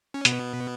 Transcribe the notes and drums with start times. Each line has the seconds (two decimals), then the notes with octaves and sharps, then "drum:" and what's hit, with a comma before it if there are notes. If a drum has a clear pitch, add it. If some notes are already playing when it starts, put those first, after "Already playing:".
0.14 C#4
0.25 B2 B3, drum: hi-hat